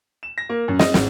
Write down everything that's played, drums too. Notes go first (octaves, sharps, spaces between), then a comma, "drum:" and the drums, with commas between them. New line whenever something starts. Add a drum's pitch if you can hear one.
E7
A#6
A#3
F#2
D#5, drum: snare
G#1, drum: snare